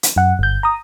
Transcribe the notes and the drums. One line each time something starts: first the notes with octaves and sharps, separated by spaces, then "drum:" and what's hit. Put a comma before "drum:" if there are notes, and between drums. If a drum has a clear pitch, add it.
drum: hi-hat
F#2 F#5
G1 G6
A#5 D#6